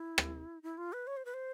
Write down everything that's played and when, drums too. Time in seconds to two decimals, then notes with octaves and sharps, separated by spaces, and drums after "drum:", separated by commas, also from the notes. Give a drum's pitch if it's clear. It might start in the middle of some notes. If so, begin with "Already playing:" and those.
Already playing: E4
0.18 drum: rim click
0.63 E4
0.78 F4
0.93 B4
1.07 C#5
1.17 C5
1.25 B4
1.34 C5